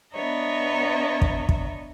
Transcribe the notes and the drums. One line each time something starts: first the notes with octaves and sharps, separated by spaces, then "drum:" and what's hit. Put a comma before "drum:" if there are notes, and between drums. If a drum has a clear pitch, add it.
B3 D4 C#5 D#5 E5 A#5
drum: kick
drum: kick